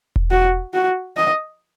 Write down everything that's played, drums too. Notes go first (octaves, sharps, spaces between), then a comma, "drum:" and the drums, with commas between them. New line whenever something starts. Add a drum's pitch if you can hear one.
drum: kick E1
F#4
F#4
D#5